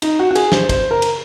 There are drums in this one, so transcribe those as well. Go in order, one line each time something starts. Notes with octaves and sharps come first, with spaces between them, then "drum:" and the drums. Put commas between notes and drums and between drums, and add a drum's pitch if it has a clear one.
D#4, drum: cymbal
F#4
F#4
G#4, drum: cymbal
C5, drum: snare
C5, drum: kick, cymbal
A#4
drum: cymbal